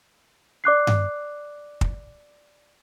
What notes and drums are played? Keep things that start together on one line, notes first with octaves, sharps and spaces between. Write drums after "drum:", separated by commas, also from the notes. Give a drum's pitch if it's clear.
D5 D6 F#6 C7
drum: tom G2
drum: kick